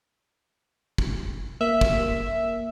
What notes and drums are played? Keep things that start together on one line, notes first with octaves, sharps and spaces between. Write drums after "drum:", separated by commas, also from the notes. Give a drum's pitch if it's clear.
drum: kick
A#3 E5
drum: kick